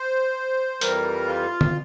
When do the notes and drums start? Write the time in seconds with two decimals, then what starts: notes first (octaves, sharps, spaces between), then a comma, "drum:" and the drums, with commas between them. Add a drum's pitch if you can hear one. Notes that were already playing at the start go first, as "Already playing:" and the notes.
Already playing: C5
0.81 F2 E3 G3 A#4, drum: hi-hat
1.28 F4
1.61 drum: tom D3